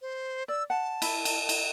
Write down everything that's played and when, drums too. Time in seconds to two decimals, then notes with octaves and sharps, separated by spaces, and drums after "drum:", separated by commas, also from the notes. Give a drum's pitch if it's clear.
0.02 C5
0.48 D5 E6
0.70 F#5 A5
1.02 E4, drum: cymbal
1.25 drum: cymbal
1.49 drum: cymbal